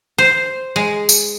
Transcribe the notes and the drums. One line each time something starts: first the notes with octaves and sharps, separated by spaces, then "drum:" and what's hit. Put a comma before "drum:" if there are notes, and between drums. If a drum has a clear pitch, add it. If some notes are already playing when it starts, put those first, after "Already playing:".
C5
G#3
drum: tambourine